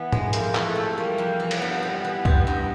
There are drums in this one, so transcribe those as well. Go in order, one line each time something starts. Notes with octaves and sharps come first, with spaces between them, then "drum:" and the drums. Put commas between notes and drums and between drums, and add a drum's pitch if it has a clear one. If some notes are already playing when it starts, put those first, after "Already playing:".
Already playing: E3 B3
G#3, drum: tom G#2
F2 A#3, drum: hi-hat
E3, drum: clap
A3
C3
G3 A#3
F2
E3
drum: cymbal
G2 B3
G3
E3
C4, drum: kick
G2